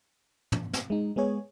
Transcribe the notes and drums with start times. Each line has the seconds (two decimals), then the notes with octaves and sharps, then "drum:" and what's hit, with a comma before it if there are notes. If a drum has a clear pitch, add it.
0.52 drum: tom
0.73 drum: snare
0.90 G#3 D#4
1.16 G#3 B3 G#4 C#5